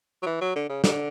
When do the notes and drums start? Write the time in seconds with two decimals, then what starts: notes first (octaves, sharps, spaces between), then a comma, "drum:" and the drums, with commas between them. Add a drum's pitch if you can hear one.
0.23 F#3
0.26 E3
0.41 F#3
0.56 D3
0.69 C#3
0.84 D3, drum: snare